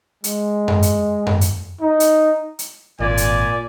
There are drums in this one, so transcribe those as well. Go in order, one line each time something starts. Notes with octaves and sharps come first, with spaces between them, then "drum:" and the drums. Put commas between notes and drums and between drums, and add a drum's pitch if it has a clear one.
G#3, drum: hi-hat
drum: tom F#2
drum: hi-hat
drum: tom F#2
drum: hi-hat
D#4
drum: hi-hat
drum: hi-hat
G#1 A#2 D5 G#5
drum: hi-hat